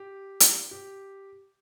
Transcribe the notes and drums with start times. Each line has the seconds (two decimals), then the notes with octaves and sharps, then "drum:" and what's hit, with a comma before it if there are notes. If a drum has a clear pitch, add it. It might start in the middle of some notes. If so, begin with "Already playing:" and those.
Already playing: G4
0.40 drum: hi-hat
0.71 G4